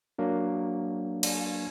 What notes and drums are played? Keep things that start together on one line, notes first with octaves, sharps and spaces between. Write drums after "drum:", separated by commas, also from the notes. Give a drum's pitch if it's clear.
F#3 A#3 D4
drum: cymbal